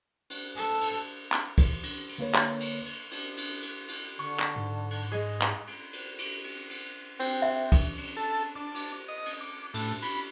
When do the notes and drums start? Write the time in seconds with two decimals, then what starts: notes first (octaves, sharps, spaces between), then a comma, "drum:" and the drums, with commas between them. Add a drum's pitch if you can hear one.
0.30 drum: cymbal
0.57 A4, drum: cymbal
0.81 drum: cymbal
1.32 drum: clap
1.58 drum: kick, cymbal
1.83 drum: cymbal
2.09 drum: cymbal
2.18 D3 A#3 B4 C#5
2.35 drum: clap
2.60 drum: cymbal
2.86 drum: cymbal
3.11 drum: cymbal
3.37 drum: cymbal
3.62 drum: cymbal
3.88 drum: cymbal
4.19 D3 C#6
4.39 drum: clap
4.56 G#2
4.90 drum: cymbal
5.12 G#3 G#4 D#5
5.42 drum: clap
5.67 drum: cymbal
5.93 drum: cymbal
6.18 drum: cymbal
6.44 drum: cymbal
6.70 drum: cymbal
7.20 C4, drum: cymbal
7.42 E5
7.72 drum: kick, cymbal
7.98 drum: cymbal
8.17 A4
8.56 D4
8.74 drum: cymbal
9.08 D#5
9.26 drum: cymbal
9.41 D6
9.74 A2, drum: cymbal
10.02 B5, drum: cymbal